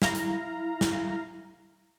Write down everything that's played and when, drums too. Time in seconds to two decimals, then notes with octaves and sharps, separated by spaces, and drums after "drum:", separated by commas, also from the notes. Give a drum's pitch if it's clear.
0.02 E4 F5 A#5, drum: snare
0.15 drum: hi-hat
0.81 drum: snare